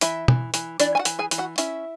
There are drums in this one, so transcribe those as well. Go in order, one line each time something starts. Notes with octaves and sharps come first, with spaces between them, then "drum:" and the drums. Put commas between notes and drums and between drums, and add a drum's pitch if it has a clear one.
E3 E4 E5, drum: hi-hat
E3, drum: tom B2
E3, drum: hi-hat
E3 D4 D5, drum: hi-hat
G#5
F#4 F#5
E3, drum: hi-hat
G#4 G#5
E3, drum: hi-hat
F#4 F#5
C#4 E4 E5, drum: hi-hat